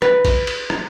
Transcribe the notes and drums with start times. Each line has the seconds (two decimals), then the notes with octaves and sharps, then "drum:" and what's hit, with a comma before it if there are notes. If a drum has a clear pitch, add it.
0.02 B4, drum: rim click
0.25 drum: kick A#1, cymbal
0.47 drum: cymbal
0.70 drum: rim click